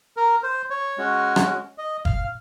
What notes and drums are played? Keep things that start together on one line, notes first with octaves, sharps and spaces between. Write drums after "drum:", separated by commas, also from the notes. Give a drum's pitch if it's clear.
A#4
C5
C#5
G#3 C#4 F#4
drum: rim click
D#5
F5, drum: kick